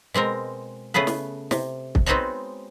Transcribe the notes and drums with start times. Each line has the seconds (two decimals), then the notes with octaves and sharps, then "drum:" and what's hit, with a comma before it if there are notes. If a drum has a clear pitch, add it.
0.14 B2 G#3 C4 A#4
0.94 C#3 A3 B3 G#4 B4
1.07 drum: snare
1.51 C3, drum: snare
1.95 drum: kick
2.06 G#3 B3 C4 D#4 F#4 C#5